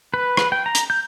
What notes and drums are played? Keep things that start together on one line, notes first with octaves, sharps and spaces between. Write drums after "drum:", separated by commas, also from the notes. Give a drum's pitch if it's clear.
B4
B4, drum: rim click
G5
A#5
drum: hi-hat
G6